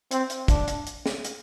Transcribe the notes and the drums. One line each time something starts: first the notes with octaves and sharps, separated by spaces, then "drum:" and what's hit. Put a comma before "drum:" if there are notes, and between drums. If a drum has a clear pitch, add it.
C4, drum: hi-hat
drum: hi-hat
D4, drum: kick, hi-hat
drum: hi-hat
drum: hi-hat
drum: snare
drum: hi-hat